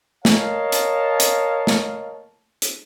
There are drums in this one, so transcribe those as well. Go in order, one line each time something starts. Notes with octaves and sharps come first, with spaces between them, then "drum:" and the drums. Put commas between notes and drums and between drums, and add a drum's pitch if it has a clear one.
A#4 C#5 D#5 F5 A5, drum: snare
drum: hi-hat
drum: hi-hat
drum: snare
drum: hi-hat